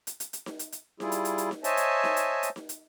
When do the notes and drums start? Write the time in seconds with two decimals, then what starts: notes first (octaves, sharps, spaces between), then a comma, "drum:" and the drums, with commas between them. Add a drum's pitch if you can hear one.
0.07 drum: hi-hat
0.20 drum: hi-hat
0.33 drum: hi-hat
0.46 drum: snare D#4
0.59 drum: hi-hat
0.72 drum: hi-hat
1.00 G3 E4 F4 G#4, drum: snare D#4
1.12 drum: hi-hat
1.25 drum: hi-hat
1.38 drum: hi-hat
1.51 drum: snare D#4
1.64 C5 C#5 D#5 E5 G#5 A5, drum: hi-hat
1.77 drum: hi-hat
2.03 drum: snare D#4
2.17 drum: hi-hat
2.43 drum: hi-hat
2.56 drum: snare D#4
2.69 drum: hi-hat